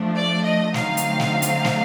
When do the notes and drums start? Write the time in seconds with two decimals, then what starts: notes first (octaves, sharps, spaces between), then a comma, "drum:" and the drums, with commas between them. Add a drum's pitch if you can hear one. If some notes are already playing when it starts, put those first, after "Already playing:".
Already playing: F3 A3 D4
0.15 D5
0.44 D#5
0.74 D3 F#3 A3 C4 D#4 F5, drum: snare
0.97 drum: hi-hat
1.20 drum: snare
1.42 drum: hi-hat
1.65 drum: snare